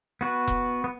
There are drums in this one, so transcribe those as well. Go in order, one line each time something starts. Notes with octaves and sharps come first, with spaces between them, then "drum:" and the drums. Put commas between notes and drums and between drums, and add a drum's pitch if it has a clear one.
B3 F#4 B4
drum: kick E1
B3